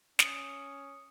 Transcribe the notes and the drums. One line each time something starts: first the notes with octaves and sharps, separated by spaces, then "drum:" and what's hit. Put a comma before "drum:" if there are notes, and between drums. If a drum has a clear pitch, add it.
C#4 D#6 C#7, drum: snare